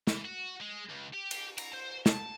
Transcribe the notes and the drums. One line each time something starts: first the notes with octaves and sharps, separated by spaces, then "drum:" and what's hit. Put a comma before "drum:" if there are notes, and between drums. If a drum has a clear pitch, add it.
E3, drum: snare
F#4
G#3
C#2
G4
drum: cymbal
A#5, drum: cymbal
C5
A5, drum: snare